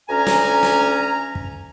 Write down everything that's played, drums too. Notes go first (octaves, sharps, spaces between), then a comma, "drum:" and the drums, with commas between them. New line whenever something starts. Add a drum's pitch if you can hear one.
D2 C#4 G#5 A#5
drum: snare
drum: snare
drum: kick